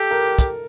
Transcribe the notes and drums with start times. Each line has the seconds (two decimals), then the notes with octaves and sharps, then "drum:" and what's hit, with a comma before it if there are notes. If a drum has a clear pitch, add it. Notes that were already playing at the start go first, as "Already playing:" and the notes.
Already playing: G4 A4
0.11 A#4
0.39 drum: kick, hi-hat